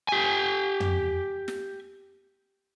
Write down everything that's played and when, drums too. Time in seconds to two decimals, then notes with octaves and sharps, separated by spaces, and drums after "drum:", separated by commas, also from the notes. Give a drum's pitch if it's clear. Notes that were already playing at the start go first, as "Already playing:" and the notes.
0.09 G4 G#5
0.80 drum: tom
1.48 drum: snare